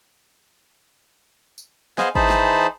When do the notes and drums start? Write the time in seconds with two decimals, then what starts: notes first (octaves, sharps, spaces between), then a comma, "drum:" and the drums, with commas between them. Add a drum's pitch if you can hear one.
1.58 drum: tambourine
1.98 B3 G#4 C5 D#5 F5 G#5, drum: snare
2.15 E3 D#4 G#4 C5 A5 B5, drum: kick G#1
2.30 drum: snare